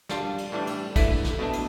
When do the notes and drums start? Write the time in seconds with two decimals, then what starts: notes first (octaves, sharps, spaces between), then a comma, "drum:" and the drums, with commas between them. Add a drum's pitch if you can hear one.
0.09 G3 D4 F4, drum: snare
0.38 drum: cymbal
0.52 A2 E3 G3 D4
0.67 drum: cymbal
0.96 D3 A3 E4 B4, drum: kick, cymbal
1.24 drum: snare
1.39 B2 A3 D4
1.53 drum: cymbal